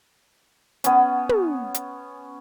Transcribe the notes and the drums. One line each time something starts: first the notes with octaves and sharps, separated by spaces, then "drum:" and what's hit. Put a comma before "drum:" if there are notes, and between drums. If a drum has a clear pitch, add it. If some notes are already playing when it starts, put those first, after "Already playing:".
B3 C#4, drum: hi-hat
drum: tom
drum: hi-hat